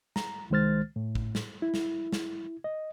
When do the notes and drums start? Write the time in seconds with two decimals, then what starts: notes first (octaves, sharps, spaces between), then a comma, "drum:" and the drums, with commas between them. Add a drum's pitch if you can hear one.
0.16 A#5, drum: snare
0.50 C2 D#3 G#3 C5 F6 A6
0.96 A2
1.15 drum: kick
1.35 drum: snare
1.62 E4
1.74 drum: snare
2.12 drum: snare
2.64 D#5